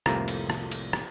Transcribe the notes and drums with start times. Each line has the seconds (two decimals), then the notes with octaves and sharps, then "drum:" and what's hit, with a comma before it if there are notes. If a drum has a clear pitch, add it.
0.06 C2 F2 A2 C3 A#3 A#5, drum: rim click
0.28 drum: cymbal
0.50 drum: rim click
0.71 drum: cymbal
0.93 drum: rim click